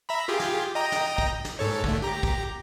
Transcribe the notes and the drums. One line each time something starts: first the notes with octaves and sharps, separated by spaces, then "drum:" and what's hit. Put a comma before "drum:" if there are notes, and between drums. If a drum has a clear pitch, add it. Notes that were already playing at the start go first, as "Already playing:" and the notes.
E5 A#5 B5
F4 G4 G#4
drum: snare
D#5 G5 A#5
drum: snare
drum: kick
drum: snare
G#2 A4 C#5
D3 A3, drum: kick
G4 A#5
drum: kick